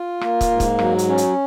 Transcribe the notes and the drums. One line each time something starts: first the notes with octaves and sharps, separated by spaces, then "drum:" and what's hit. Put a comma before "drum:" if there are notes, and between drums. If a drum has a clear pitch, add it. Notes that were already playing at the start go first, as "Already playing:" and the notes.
Already playing: F4
A#3, drum: rim click
drum: kick, hi-hat
G#2
drum: kick, hi-hat
F#3, drum: rim click
drum: hi-hat
C#4
drum: hi-hat